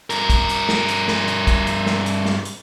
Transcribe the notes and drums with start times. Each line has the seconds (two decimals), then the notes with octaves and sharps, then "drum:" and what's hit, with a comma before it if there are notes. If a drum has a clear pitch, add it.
0.10 G2 A#4, drum: hi-hat
0.30 drum: kick, hi-hat
0.49 drum: hi-hat
0.69 drum: snare
0.88 drum: hi-hat
1.08 drum: snare
1.28 drum: hi-hat
1.47 drum: kick, hi-hat
1.67 drum: hi-hat
1.86 drum: snare
2.06 drum: hi-hat
2.26 drum: snare
2.45 drum: hi-hat